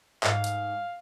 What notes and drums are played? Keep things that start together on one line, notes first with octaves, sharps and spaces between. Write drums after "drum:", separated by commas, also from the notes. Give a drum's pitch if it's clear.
G#2 F5, drum: clap
drum: hi-hat